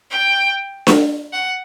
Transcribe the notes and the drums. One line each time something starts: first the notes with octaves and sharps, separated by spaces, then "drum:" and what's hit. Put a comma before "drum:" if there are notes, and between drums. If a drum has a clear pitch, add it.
G5
drum: snare D4
F#5